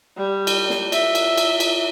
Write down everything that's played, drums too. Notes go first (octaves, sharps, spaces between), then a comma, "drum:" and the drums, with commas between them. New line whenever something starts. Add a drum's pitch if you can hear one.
G3
drum: cymbal
drum: snare
E5, drum: cymbal
drum: cymbal
drum: cymbal
drum: cymbal